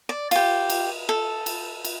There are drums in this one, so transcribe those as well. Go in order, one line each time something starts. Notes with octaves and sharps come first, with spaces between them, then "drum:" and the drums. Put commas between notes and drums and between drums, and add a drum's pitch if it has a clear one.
D5
F4 G4, drum: cymbal
drum: cymbal
A4
drum: cymbal
drum: cymbal